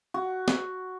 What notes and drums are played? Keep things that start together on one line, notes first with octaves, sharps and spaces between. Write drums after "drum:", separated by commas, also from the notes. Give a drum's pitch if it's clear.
F#4
drum: snare